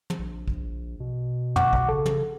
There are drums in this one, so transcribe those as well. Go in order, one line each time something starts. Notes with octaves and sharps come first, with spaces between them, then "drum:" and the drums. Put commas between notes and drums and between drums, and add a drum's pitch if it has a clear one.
drum: tom
A#1
drum: kick
B2
F#5 C#6 D6, drum: tom
drum: kick
C#3 A4
drum: tom